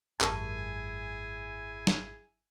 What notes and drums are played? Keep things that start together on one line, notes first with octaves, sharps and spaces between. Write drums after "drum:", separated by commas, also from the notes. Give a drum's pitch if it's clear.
G#1 F#2 E4 G4 G#4 A#4 G#5 A5, drum: clap
drum: snare